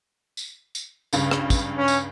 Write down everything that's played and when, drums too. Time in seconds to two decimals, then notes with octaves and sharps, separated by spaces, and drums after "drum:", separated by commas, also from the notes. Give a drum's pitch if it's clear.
0.37 drum: tambourine
0.75 drum: tambourine
1.13 C#2 G2 C#3, drum: tambourine
1.31 drum: rim click
1.50 drum: kick, tambourine
1.78 C#4
1.88 drum: tambourine